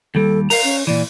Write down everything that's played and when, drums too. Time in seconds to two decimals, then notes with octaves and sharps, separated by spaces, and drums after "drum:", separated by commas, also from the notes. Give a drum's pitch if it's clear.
0.15 D#2 G3 A4
0.50 A#4 F5 A#5, drum: open hi-hat
0.64 C#4
0.87 A#2 E3 D5